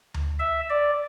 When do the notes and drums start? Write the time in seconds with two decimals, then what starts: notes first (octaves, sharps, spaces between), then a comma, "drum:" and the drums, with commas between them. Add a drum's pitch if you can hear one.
0.14 drum: tom D2
0.39 E5
0.70 D5